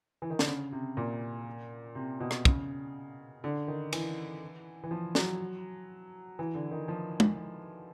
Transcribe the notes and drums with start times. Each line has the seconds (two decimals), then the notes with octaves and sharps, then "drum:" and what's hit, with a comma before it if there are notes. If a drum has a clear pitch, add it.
0.22 E3
0.30 D#3
0.39 D3, drum: snare
0.48 C#3
0.72 C3
0.97 A#2
1.95 C3
2.20 B2
2.31 drum: rim click
2.45 C#3, drum: kick
3.44 D3
3.68 D#3
3.93 E3, drum: cymbal
4.83 E3
4.91 F3
5.15 F#3, drum: snare
6.39 E3
6.55 D3
6.71 D#3
6.88 F3
7.20 drum: tom G#3